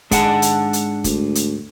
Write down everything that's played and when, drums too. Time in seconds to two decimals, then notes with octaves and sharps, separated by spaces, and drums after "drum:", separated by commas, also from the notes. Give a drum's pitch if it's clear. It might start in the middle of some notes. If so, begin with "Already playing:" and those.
0.11 G#2 G#3 D4 F#5 A5, drum: kick, hi-hat
0.42 drum: hi-hat
0.73 drum: hi-hat
1.04 D2, drum: kick, hi-hat
1.35 drum: hi-hat